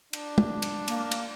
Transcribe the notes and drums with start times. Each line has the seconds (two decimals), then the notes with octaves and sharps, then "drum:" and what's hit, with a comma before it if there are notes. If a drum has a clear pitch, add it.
0.13 D4, drum: cymbal
0.38 drum: tom
0.62 drum: cymbal
0.88 A#3, drum: cymbal
1.11 drum: cymbal